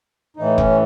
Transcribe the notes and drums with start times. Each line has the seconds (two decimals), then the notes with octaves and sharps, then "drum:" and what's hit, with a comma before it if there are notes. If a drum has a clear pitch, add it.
0.37 A2 E3 D#4
0.58 C#4, drum: kick F1